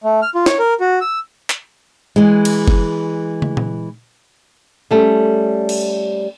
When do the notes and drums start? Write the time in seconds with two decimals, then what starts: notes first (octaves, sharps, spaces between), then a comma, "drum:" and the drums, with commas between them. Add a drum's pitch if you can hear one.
0.04 A3
0.22 F6
0.35 F4
0.46 C#5, drum: snare
0.59 A#4
0.80 F#4
1.01 E6
1.50 drum: clap
2.16 E3 G#3
2.45 drum: cymbal
2.68 drum: kick
3.42 drum: tom
3.57 drum: tom A#2
4.91 G3 A3 C#4
5.69 drum: cymbal